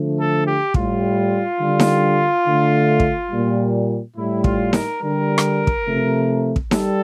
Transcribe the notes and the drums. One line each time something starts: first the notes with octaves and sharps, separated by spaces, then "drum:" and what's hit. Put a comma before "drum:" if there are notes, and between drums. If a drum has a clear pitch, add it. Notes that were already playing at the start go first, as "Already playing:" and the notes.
Already playing: D3 F3 A3
A4
G4
A2 G3 F4, drum: kick
D3 G3
drum: snare D#4
D3 A3
drum: kick
A#2 G3
A2 G3 E4
F4, drum: kick
A#4, drum: snare D#4
D3 G3 A#4
drum: rim click
drum: kick
C3 F3 A3
drum: kick
G3 A4, drum: snare D#4